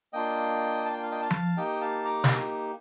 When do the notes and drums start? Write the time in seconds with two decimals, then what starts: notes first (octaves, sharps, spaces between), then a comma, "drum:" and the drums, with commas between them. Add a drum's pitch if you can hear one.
0.13 A#3 D4 F4 D#5 G5
0.85 A5
0.93 G5
1.03 F5
1.11 D#5 G5
1.21 F5 A5
1.31 drum: tom F3
1.57 A#3 D#4 G4 D#5 G5
1.81 F5 A5
2.05 A#5 D6
2.24 drum: snare